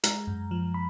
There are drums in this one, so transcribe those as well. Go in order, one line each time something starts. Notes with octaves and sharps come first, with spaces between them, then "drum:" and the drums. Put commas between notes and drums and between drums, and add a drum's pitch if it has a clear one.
G#3 A#5, drum: hi-hat
F#2
F3
B5